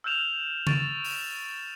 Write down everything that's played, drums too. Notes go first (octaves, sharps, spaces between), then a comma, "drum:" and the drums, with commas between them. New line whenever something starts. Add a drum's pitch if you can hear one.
E6 F6 G6 E7 F7
C#6 A6 D7 E7, drum: tom C#3
drum: open hi-hat